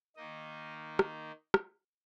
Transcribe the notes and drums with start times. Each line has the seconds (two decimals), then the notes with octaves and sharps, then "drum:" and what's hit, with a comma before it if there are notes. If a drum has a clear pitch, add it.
0.16 D#3 A#3 D#4 D#5
0.99 drum: rim click
1.54 drum: rim click